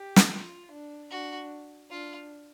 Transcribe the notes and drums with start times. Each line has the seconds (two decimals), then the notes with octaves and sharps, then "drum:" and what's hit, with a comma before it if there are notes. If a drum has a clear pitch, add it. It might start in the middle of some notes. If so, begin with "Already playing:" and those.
Already playing: G4
0.16 drum: snare
0.32 F4
0.71 D4
1.10 D4 F#4
1.90 D4 F4